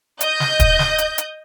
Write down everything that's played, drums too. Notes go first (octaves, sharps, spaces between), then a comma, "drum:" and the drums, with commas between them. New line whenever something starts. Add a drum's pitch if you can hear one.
D#5 G6, drum: hi-hat
drum: snare
drum: kick, hi-hat
drum: snare
drum: hi-hat
drum: hi-hat